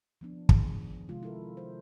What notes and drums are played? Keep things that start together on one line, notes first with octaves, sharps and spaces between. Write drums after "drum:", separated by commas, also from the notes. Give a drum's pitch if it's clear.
F3 B3 D4
D#3 F3 G#4, drum: kick
C3 G#3 F4
E4 A4 A#4
C5